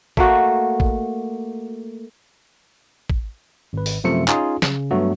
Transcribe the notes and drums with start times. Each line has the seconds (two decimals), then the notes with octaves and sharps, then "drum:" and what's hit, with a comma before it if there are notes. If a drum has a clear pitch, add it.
0.17 A3 A#3 F#4, drum: kick
0.80 drum: kick
3.10 drum: kick
3.73 G#1 B4
3.86 drum: open hi-hat
4.04 F#2 C3 F3 A3 C#7
4.28 C#4 D#4 F4 G#4, drum: clap
4.62 C#3, drum: snare
4.91 G2 F#3 A3 B3 F#4